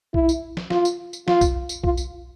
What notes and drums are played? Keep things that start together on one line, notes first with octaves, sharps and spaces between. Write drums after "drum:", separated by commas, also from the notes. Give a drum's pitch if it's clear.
E4, drum: kick B1
drum: tambourine
drum: snare
F4, drum: snare
drum: tambourine
drum: tambourine
F4, drum: snare
drum: kick B1, tambourine
drum: tambourine
F4, drum: kick B1
drum: tambourine